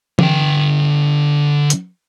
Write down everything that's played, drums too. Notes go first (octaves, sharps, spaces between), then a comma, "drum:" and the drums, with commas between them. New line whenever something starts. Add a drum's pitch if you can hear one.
D3 G5, drum: tom E3
drum: hi-hat